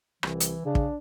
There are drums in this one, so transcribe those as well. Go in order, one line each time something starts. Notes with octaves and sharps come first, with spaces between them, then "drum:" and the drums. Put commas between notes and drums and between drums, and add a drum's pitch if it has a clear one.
C2 E3, drum: rim click
drum: hi-hat
C#3 D4
drum: kick